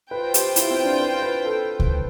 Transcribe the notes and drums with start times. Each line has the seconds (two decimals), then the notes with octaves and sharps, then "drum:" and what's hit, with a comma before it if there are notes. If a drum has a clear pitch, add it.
0.11 F4 B4 C5 G5
0.34 G4, drum: hi-hat
0.56 E4, drum: hi-hat
0.70 C4
0.85 D4
1.01 B4
1.22 B4
1.45 A4
1.80 drum: kick C#2